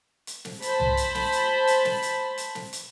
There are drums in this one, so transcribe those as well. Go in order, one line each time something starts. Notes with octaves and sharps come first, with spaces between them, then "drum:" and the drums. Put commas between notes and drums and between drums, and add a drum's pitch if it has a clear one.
drum: hi-hat
drum: snare
C5 A5 B5, drum: hi-hat
drum: tom C2
drum: hi-hat
drum: snare
drum: hi-hat
drum: hi-hat
drum: snare
drum: hi-hat
drum: hi-hat
drum: snare
drum: hi-hat